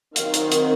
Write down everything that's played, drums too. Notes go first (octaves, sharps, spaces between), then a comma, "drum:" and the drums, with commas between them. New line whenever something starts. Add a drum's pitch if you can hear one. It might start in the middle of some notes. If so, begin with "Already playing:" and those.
D#3 F#3 C4 F5, drum: hi-hat
drum: hi-hat
drum: hi-hat